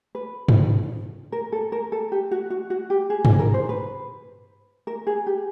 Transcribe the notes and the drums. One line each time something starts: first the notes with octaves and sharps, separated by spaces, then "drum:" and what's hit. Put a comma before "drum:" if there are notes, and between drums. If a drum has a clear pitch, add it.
B4
drum: tom G2
A#4
A4
A#4
A4
G4
F#4
F#4
F#4
G4
G#4
G#4, drum: tom G2
A#4
C5
B4
A#4
G#4
G4